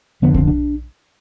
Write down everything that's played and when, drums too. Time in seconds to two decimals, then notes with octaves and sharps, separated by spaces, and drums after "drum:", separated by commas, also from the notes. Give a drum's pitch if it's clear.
0.22 F1 F2 D3 B3
0.34 C4, drum: kick
0.47 D4